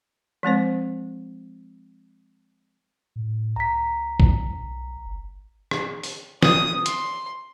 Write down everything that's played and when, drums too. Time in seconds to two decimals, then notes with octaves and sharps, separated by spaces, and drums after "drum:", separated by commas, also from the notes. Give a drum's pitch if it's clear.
0.43 F3 G#3 C4 C5
3.16 A2
3.56 C#2 A#5 B6
4.20 drum: kick A1
4.63 B1
5.06 G1
5.71 drum: rim click
6.03 drum: open hi-hat
6.43 D#6, drum: snare
6.86 C6, drum: hi-hat